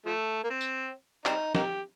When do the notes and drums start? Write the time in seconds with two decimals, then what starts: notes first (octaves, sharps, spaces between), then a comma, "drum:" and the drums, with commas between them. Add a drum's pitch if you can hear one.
0.06 F3 A3
0.44 A#3
0.50 C4
0.61 drum: tambourine
1.26 G3 C4 D#4, drum: clap
1.55 A#3 D#4 G4, drum: snare